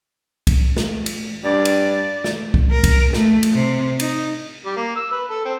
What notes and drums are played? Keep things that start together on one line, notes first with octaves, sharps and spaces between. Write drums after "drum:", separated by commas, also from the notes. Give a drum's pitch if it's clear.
drum: kick, cymbal
drum: snare
drum: cymbal
G2 D5
drum: cymbal
drum: snare
drum: kick
A#4
drum: kick, cymbal
A3, drum: snare
drum: cymbal
C3
D#4, drum: cymbal
G3
A#3
E6
B4
A4
C4